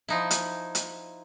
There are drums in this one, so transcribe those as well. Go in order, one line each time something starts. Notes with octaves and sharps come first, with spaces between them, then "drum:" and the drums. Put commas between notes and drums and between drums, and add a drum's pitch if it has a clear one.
F3 D#4 E4
drum: hi-hat
drum: hi-hat